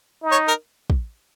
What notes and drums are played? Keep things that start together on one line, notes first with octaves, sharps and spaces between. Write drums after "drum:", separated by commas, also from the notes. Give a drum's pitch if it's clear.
D#4
C#5
A#4
drum: kick